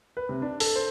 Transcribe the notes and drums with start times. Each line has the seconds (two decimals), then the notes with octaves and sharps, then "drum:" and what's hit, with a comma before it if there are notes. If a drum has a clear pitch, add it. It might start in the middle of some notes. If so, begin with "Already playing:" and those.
0.17 B4
0.29 C3
0.42 D4
0.60 A4, drum: open hi-hat
0.76 C5